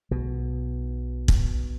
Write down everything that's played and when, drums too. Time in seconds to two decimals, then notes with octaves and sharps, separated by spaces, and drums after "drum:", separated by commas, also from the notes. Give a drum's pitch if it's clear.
0.11 B1 B2
1.28 drum: kick